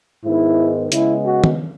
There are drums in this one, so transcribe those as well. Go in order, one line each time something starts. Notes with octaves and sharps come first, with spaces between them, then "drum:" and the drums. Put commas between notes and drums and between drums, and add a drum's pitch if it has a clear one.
G#2 D#3 G#3 B3 E4
C#3 G#3 B3 E4, drum: hi-hat
F#4
drum: tom D#3